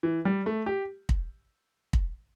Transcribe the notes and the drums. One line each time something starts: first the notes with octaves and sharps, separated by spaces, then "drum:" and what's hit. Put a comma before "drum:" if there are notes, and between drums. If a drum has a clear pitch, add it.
E3
G3
A3
G4
drum: kick
drum: kick